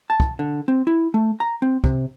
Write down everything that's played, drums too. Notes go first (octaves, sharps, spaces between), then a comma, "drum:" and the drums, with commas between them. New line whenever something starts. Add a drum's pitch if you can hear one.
A5
drum: kick
D3
C4
E4
A3
A#5
C4
C3, drum: kick